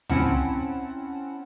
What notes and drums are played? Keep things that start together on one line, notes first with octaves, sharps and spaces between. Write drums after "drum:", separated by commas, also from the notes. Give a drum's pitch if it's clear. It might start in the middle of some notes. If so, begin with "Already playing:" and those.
C4 C#4 E4 F#5 A5, drum: tom C#2